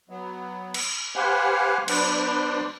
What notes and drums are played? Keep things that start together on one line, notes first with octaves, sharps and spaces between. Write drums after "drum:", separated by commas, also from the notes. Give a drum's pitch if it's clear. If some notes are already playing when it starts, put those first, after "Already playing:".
F#3 B3
drum: cymbal
G4 B4 C5 F5 F#5 G#5
F#3 B3 D4 B4 C5 D5, drum: cymbal